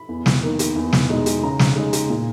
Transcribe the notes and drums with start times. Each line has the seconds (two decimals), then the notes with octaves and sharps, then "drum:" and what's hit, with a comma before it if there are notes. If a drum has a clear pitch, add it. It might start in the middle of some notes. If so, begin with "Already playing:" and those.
Already playing: B5
0.09 E2
0.26 drum: snare
0.43 D#3 A#3
0.59 drum: hi-hat
0.76 E2
0.93 drum: snare
1.10 B2 G#3 D#4
1.26 drum: hi-hat
1.43 C#3 A#5
1.59 drum: snare
1.76 G#3 D#4
1.93 drum: hi-hat
2.10 A#2